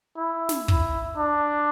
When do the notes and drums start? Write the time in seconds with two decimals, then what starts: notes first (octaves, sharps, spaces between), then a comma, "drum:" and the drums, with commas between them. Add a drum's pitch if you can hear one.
0.17 E4
0.49 drum: snare
0.68 E4, drum: kick
1.17 D4